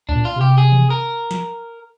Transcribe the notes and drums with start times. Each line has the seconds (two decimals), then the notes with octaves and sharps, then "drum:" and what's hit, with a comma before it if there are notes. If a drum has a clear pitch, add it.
0.09 A#2 D4, drum: kick C#2
0.25 F4
0.35 C3
0.41 G4
0.58 G#4
0.72 drum: tom D#3
0.90 A#4
1.31 drum: snare